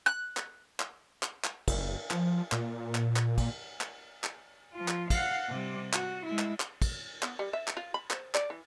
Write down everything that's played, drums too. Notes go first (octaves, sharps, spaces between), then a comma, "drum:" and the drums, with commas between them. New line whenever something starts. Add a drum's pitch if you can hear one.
F#6
drum: clap
drum: clap
drum: clap
drum: clap
F#1, drum: kick, cymbal
F3, drum: clap
A#2, drum: clap
drum: clap
drum: clap
drum: kick, cymbal
drum: clap
drum: clap
F3 F4
drum: clap
F5 F#5, drum: kick, cymbal
C3 G3
F#4, drum: clap
G#3 E4
drum: clap
drum: clap
drum: kick, cymbal
B3, drum: clap
G3
E5
drum: clap
F4
B5
C5, drum: clap
D5, drum: clap
E3